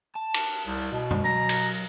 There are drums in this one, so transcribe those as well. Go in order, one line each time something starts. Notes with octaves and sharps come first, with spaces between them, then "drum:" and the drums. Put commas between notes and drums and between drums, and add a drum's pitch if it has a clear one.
A5
drum: cymbal
C2
B2
drum: tom F#2
F#3 A#5
drum: cymbal